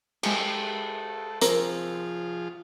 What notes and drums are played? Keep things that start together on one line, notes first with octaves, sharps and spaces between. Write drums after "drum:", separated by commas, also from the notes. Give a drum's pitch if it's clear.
G#3 G4 A4, drum: cymbal
F3 C4 F4 G#4 A#4, drum: hi-hat